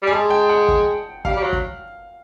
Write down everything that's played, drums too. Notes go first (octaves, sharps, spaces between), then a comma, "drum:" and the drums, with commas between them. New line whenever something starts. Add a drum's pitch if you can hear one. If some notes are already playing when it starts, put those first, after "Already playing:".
G3 G#5
G#3 A5
G5
F#5
drum: kick
G3 F5, drum: kick
G3
F#3
drum: kick